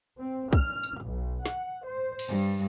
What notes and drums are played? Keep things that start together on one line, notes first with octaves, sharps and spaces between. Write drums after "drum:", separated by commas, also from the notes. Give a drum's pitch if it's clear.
C4
F6, drum: kick
drum: tambourine
B1
F#5, drum: snare
C5
drum: cymbal
G2